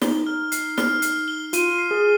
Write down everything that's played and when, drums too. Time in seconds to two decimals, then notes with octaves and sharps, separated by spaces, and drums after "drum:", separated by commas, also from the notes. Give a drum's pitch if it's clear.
0.02 D#4 G7, drum: snare
0.27 F6
0.52 C7, drum: hi-hat
0.78 F6, drum: snare
1.02 C7, drum: hi-hat
1.28 G7
1.53 F4 D#7, drum: hi-hat
1.78 C7
1.91 G#4